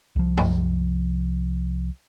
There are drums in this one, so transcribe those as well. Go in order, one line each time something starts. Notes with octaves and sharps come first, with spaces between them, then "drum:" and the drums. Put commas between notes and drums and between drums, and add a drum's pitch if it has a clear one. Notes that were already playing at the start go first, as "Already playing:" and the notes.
C2 F3
drum: tom F#2